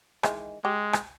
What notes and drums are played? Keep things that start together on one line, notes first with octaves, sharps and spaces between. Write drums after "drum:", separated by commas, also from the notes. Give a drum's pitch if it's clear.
D#3 E3 G#3, drum: rim click
G#3 G4
drum: rim click